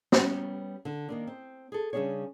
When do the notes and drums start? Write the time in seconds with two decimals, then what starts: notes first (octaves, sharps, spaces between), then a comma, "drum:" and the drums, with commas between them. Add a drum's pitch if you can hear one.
0.12 G3 B3 C#4, drum: snare
0.85 D3 D4
1.08 D#3 A#3 D4
1.27 C4
1.72 G#4 A4
1.93 C#3 G3 C#4 D4 G#4 C#5